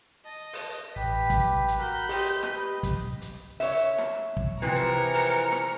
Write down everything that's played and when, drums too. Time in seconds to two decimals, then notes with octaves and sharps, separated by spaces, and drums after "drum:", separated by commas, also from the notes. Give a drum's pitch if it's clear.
0.25 D#5 A5
0.53 drum: open hi-hat
0.96 A1 G4 B4 B6
1.30 drum: kick, hi-hat
1.68 drum: hi-hat
1.79 F#4 A#4 B5 G6
2.09 G4 C5 D#5 G5 C6, drum: open hi-hat
2.43 B4 D#5, drum: snare
2.83 drum: kick, hi-hat
3.22 drum: hi-hat
3.60 C#5 E5, drum: open hi-hat
3.98 drum: snare
4.37 drum: kick
4.62 C3 E3 F3 C4 A#4 C#7
4.75 drum: hi-hat
5.13 drum: open hi-hat
5.52 drum: snare